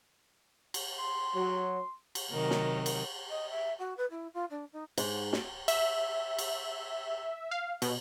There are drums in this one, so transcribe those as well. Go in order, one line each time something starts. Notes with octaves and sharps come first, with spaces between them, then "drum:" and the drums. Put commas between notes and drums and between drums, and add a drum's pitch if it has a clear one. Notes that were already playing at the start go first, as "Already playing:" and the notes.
drum: cymbal
C6
F#3
drum: cymbal
C3 D#3 F#3 A#4
drum: snare
drum: cymbal
D#5
E5
F#4
B4
E4
F4
D4
D#4
G#2, drum: cymbal
drum: snare
E5, drum: cymbal
drum: cymbal
F5
B2, drum: cymbal